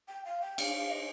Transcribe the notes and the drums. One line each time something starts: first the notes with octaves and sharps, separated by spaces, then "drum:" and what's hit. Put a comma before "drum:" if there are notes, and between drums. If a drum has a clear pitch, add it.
G5
F5
G5
F5, drum: cymbal
F5
D#5